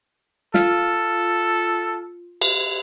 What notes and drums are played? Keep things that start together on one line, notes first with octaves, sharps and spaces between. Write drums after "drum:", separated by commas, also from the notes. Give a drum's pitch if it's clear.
F4 A4, drum: snare
drum: cymbal